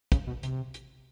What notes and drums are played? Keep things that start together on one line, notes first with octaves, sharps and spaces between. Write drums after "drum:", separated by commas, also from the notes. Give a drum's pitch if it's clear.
C#3, drum: kick, hi-hat
B2
C3, drum: hi-hat
drum: hi-hat